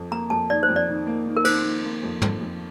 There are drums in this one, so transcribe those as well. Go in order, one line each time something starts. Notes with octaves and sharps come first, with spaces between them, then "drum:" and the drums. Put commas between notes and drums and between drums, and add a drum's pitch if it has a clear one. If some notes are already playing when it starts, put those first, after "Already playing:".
Already playing: F2
A#3 A#5
F2 A5
D#3 D5
C5
F2
D5
D#3
A#3
D#3
A#4
D#3 C5, drum: cymbal
D#3
A#3
F2
F2, drum: tom
F2